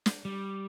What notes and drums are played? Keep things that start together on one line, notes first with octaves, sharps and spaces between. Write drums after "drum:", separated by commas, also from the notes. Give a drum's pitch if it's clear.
drum: snare
G3